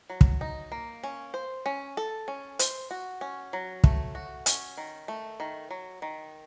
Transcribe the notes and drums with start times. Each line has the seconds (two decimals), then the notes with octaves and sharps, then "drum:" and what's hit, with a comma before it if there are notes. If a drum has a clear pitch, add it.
0.10 F#3
0.21 drum: kick
0.41 D#4
0.72 A#3
1.03 C#4
1.34 C5
1.66 C#4
1.97 A4
2.28 C#4
2.59 C5, drum: hi-hat
2.91 F#4
3.21 C#4
3.53 F#3
3.84 A3, drum: kick
4.15 F#4
4.46 C#4, drum: hi-hat
4.77 D#3
5.08 A3
5.40 D#3
5.71 F#3
6.02 D#3